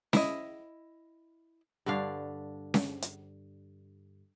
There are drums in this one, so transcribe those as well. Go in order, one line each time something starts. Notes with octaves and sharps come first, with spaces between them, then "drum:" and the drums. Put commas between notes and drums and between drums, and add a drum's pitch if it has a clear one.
E4 D#5, drum: snare C#4
G2 D3 D4 F5
drum: snare C#4
drum: hi-hat